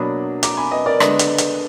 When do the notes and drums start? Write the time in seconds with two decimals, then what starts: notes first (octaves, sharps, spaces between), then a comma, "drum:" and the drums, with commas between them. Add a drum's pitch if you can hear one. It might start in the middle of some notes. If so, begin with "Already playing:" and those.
Already playing: B2 F#3 A#3 D4 B5 D#6
0.43 A#5 D6, drum: hi-hat
0.57 G#5 B5
0.72 B4 D#5
0.86 A#4 D5
1.00 D3 G#3 B3 D4 B4 D#5, drum: rim click
1.19 drum: hi-hat
1.38 drum: hi-hat